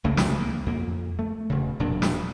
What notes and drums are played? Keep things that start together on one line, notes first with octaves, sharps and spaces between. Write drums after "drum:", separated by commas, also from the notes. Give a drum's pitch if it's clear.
C2 C#3 A3 A#3
drum: snare
D2 A#3
F2 A#3
A3
E1 C#3
E1 A#2 F#3 D4
drum: snare